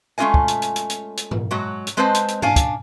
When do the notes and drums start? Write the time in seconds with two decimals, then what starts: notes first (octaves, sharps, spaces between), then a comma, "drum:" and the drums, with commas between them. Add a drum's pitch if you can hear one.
0.18 G#3 A3 C#4 F4 D#5 G#5
0.34 drum: kick
0.48 drum: hi-hat
0.62 drum: hi-hat
0.76 drum: hi-hat
0.90 drum: hi-hat
1.17 drum: hi-hat
1.31 drum: tom G#2
1.51 F#3 G#3 F#4
1.87 drum: hi-hat
1.97 G#3 C4 B4 C5 D#5 A5
2.14 drum: hi-hat
2.28 drum: hi-hat
2.42 C#4 D4 D5 F5 G#5, drum: tom G#2
2.56 drum: kick, hi-hat